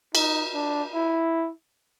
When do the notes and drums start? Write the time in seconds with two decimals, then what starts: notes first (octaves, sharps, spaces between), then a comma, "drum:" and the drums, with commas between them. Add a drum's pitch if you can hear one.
0.15 D#4, drum: cymbal
0.54 D4
0.94 E4